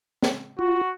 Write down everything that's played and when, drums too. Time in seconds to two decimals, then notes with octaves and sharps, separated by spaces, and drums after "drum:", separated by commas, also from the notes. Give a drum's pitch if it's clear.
0.22 drum: snare
0.59 F4 F#4